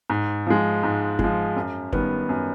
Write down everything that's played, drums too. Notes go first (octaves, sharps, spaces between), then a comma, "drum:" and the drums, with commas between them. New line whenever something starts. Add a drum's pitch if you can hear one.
G#2
F3 G#3
G#2
F3 G#3, drum: kick
F#2
D#3 G3 B3, drum: kick
F#2